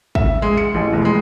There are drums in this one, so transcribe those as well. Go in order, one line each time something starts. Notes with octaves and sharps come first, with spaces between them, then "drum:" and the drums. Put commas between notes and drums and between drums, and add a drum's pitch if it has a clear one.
E5, drum: kick
G#3
C#7
A1
F1
G#3